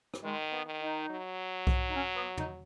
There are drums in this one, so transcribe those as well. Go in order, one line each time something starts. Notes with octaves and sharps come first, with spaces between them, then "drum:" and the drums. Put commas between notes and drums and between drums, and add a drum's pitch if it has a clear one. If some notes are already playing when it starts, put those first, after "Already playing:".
drum: rim click
D#3 G#3
B3
D#3
D#4
F#3
drum: kick B1
D#4
C#4
B3
D#4, drum: tom